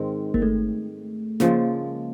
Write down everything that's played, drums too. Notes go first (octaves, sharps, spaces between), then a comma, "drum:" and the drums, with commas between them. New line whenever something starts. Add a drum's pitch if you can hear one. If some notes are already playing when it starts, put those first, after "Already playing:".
Already playing: G#2 D#3 G#3 C4
A#3, drum: kick G1
A3
C#3 F3 G#3 A#3, drum: snare